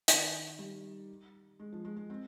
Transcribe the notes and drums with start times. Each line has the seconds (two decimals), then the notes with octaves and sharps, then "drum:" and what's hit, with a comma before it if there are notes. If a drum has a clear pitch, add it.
0.08 D#3, drum: hi-hat
0.59 G3
1.60 G#3
1.73 F3
1.85 G#3
1.97 G#3
2.10 C4